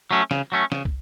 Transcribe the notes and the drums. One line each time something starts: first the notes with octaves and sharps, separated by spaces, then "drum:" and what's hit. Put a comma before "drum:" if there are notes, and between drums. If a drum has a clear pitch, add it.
F#3 A3 C#4
C#3, drum: snare
F#3 A3 C#4
C#3, drum: snare
drum: kick